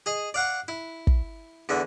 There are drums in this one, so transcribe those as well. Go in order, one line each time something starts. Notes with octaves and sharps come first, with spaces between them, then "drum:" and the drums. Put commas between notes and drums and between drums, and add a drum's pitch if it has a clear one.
G#4 D#5
D5 F5 F#5 C#6
E4
drum: kick
E2 D3 E5